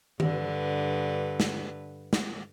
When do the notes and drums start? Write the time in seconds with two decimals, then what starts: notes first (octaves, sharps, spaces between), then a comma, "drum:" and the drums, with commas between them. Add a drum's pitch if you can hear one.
0.20 G2 D3 B4, drum: tom D#3
1.40 drum: snare
2.13 drum: snare